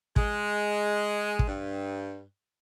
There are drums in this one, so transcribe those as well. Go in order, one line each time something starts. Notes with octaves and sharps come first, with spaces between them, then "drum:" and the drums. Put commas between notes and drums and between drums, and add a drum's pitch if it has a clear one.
G#3, drum: kick
drum: kick
G2